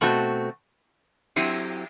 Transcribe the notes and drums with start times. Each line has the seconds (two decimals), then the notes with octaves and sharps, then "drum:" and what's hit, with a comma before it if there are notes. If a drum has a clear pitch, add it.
0.01 B2 A3 C4 F#4
1.36 F#3 C4 E4 G4, drum: cymbal